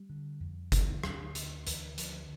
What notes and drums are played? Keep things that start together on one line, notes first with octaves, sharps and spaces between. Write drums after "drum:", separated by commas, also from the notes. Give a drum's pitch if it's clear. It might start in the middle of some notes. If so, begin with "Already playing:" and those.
Already playing: G3
D3
F2
D3, drum: kick G1, hi-hat
D2, drum: rim click
D3, drum: hi-hat
D2 E3, drum: hi-hat
D3 F3, drum: hi-hat